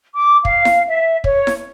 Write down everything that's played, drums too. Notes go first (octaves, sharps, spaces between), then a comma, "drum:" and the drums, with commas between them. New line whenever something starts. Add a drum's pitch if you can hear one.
D6
F5, drum: kick
drum: snare E4
E5
C#5, drum: kick
drum: snare E4